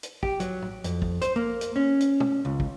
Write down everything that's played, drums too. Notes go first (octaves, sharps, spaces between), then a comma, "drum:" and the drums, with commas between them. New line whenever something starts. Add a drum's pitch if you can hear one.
drum: hi-hat
G4, drum: kick
F#3, drum: hi-hat
drum: tom
F2, drum: hi-hat
drum: kick
C5, drum: hi-hat
A#3
drum: hi-hat
C#4
drum: hi-hat
drum: tom
C#2
drum: kick